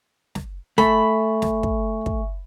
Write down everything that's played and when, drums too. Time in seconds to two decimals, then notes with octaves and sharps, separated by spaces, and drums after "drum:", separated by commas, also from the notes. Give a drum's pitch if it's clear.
0.35 drum: snare
0.78 A3 E5 G#5 B5 C#6, drum: snare
1.42 drum: snare
1.63 drum: kick
2.06 drum: kick